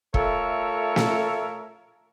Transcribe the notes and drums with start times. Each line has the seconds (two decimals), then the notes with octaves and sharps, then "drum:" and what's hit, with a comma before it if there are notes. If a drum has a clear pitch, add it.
0.14 A3 F4 A4 A#4 C#5 E5, drum: kick
0.96 drum: snare